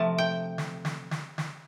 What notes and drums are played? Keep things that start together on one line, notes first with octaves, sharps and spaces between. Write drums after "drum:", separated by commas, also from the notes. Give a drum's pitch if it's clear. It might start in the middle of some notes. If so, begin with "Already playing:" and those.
Already playing: C3 F3 A3 A5
G5
drum: snare
drum: snare
drum: snare
drum: snare